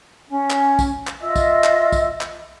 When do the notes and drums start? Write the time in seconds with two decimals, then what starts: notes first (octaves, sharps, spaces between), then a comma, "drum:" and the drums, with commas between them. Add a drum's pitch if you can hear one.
0.28 C#4
0.50 drum: clap
0.79 drum: kick, tambourine
1.07 drum: clap
1.21 F4 D#5 E5 E6
1.36 drum: kick, tambourine
1.64 drum: clap
1.92 drum: kick, tambourine
2.21 drum: clap